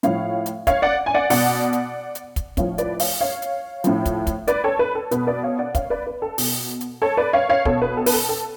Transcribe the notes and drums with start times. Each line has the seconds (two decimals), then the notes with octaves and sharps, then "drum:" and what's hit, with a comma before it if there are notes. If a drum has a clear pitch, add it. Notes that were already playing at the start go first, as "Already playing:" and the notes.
0.03 A2 F3 C#5 F5, drum: hi-hat
0.46 drum: hi-hat
0.67 C#5 F5, drum: kick, hi-hat
0.82 D5 F#5
1.06 G#5
1.14 D5 F#5
1.30 B2 D5 F#5, drum: open hi-hat
1.73 drum: hi-hat
2.15 drum: hi-hat
2.36 drum: kick, hi-hat
2.57 A2 F3 C#5 F5, drum: kick, hi-hat
2.78 B4 D5, drum: hi-hat
2.99 C#5 F5, drum: open hi-hat
3.21 C#5 F5
3.42 drum: hi-hat
3.84 A2 F3, drum: hi-hat
4.06 drum: kick, hi-hat
4.27 drum: kick, hi-hat
4.47 B4 D5, drum: hi-hat
4.64 A4 C#5
4.79 B4
4.95 A4
5.11 B2 B4, drum: hi-hat
5.27 B4 D5
5.43 C#5 F5
5.59 D5 F#5
5.75 C#5 F5, drum: kick, hi-hat
5.90 B4 D5
6.07 B4
6.22 A4
6.38 B2, drum: open hi-hat
6.81 drum: hi-hat
7.02 A4 C#5
7.17 B4 D5
7.33 C#5 F5
7.49 C#5 F5
7.65 B2 A4 C#5, drum: kick
7.82 B4
7.97 A4
8.06 B4, drum: open hi-hat
8.13 A4
8.29 A4